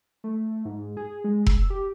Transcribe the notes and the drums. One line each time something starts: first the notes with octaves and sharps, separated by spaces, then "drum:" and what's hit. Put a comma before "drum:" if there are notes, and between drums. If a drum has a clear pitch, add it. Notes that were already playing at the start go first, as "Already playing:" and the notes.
A3
G#2
G#4
G#3
E6, drum: kick F1
G4